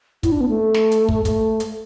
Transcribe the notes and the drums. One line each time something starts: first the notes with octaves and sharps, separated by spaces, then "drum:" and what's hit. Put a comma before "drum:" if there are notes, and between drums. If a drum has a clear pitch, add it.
E4, drum: kick, hi-hat
D4
B3
A3
drum: snare
drum: hi-hat
drum: kick
A3, drum: kick, hi-hat
drum: hi-hat